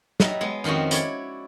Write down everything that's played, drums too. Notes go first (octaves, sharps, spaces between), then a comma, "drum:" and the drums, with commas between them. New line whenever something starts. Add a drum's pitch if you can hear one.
F#3 G3 D#5 E5, drum: snare
G#3 B3
F2 D#3 C4 C#4 F#4
E4 C#5 D5, drum: hi-hat